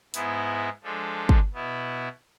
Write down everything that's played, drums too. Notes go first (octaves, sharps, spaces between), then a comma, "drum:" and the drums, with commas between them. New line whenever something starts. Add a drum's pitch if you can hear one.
G#2 G#3 B3 E4, drum: hi-hat
F3 G#3 D4 A4
drum: kick
B2 B3 E4